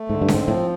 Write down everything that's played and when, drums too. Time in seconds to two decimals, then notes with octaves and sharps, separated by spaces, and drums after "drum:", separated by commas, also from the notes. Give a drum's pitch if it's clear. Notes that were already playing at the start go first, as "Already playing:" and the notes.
Already playing: A3
0.09 G#2 D3
0.21 G2
0.28 C4, drum: snare C#4
0.34 G#2
0.47 A2 F3